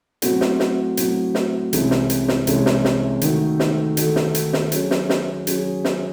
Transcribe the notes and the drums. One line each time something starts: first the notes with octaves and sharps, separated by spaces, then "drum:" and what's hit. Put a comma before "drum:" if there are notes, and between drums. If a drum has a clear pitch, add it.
A2 F#3 C4 F#4, drum: hi-hat
drum: snare
drum: snare
A2 F#3 C4 F#4, drum: hi-hat
drum: snare
C2 C3 E3 G#3 C#4, drum: hi-hat
drum: snare
drum: hi-hat
drum: snare
C2 C3 E3 G#3 C#4, drum: hi-hat
drum: snare
drum: snare
D#3 A3 D#4 F#4 A4, drum: hi-hat
drum: snare
D#3 A3 D#4 F#4 A4, drum: hi-hat
drum: snare
drum: hi-hat
drum: snare
F#3 C#4 G#4, drum: hi-hat
drum: snare
drum: snare
F#3 C#4 G#4, drum: hi-hat
drum: snare